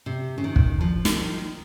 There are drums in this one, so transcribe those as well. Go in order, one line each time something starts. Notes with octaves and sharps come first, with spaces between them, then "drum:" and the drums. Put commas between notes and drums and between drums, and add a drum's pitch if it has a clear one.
C3
C#3
D#3
drum: kick
F3
drum: snare
D#3